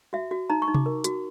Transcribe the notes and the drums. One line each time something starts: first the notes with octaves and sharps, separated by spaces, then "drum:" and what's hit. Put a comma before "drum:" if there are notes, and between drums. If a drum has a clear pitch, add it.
F#4 E5
F#4
D#4 A#5
C#6
D#4
D6, drum: tom C3
A#4
F#4, drum: hi-hat